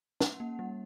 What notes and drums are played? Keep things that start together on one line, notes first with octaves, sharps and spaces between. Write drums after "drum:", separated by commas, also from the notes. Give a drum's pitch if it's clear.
C#4 F#5, drum: snare
A#3
G3